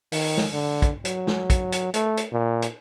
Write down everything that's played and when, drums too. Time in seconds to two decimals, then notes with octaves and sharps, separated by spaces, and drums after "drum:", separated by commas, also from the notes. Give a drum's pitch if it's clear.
0.12 D#3, drum: open hi-hat
0.37 drum: snare
0.53 D3
0.82 drum: kick, hi-hat
1.05 F#3, drum: hi-hat
1.27 drum: snare
1.50 drum: kick, hi-hat
1.72 drum: hi-hat
1.94 A3, drum: hi-hat
2.17 drum: hi-hat
2.32 A#2
2.62 drum: hi-hat